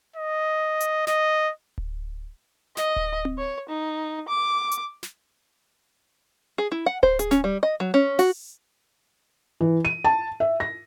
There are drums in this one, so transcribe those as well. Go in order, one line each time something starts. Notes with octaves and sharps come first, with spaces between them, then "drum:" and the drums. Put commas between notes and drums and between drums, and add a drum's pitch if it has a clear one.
D#5
drum: hi-hat
D#5, drum: snare
drum: kick D1
D#5, drum: snare
drum: kick D1
drum: tom C4
C#5
D#4
D6
drum: hi-hat
drum: snare
G#4
E4
F#5
C5, drum: kick D1
G#4, drum: hi-hat
C#4, drum: snare
G3
D#5
F#3
C#4
F#4, drum: open hi-hat
E3
D#7
A5
E5
A#6